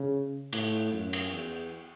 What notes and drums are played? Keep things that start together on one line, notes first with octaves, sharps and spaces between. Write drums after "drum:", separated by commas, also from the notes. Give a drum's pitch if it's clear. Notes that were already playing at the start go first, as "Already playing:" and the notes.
Already playing: C#3
A2, drum: cymbal
F#2
drum: cymbal
E2